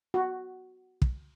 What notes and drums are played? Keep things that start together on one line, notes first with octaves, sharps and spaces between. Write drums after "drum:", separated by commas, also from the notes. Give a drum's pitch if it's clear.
F#4
drum: kick